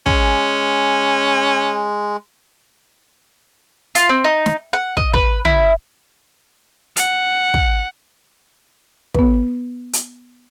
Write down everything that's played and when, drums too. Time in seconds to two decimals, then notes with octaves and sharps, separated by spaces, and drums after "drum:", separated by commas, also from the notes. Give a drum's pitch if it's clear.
0.06 G#3 C#4, drum: kick
3.95 F4, drum: hi-hat
4.09 C4
4.24 D#4
4.46 drum: snare
4.73 F#5
4.97 D#5, drum: kick
5.14 B4, drum: kick
5.45 E4, drum: tom
6.96 F#5, drum: hi-hat
7.54 drum: kick
9.14 B3 B4, drum: kick
9.93 drum: hi-hat